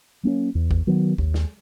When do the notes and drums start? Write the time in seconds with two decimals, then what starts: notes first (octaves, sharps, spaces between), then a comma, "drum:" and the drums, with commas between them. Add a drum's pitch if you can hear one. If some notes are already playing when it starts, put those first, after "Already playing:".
0.23 F#3 A#3 C#4
0.55 E2
0.71 drum: kick G#1
0.87 D#3 F#3 B3
1.18 D#2, drum: kick G#1
1.34 drum: snare